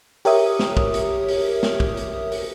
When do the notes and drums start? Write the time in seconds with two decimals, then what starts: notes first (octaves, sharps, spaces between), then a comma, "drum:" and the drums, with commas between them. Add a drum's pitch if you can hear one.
0.25 G4 A#4 C#5 E5 D#6, drum: open hi-hat
0.59 drum: snare
0.77 drum: kick
0.94 drum: hi-hat
1.28 drum: open hi-hat
1.63 drum: snare
1.80 drum: kick
1.97 drum: hi-hat
2.32 drum: open hi-hat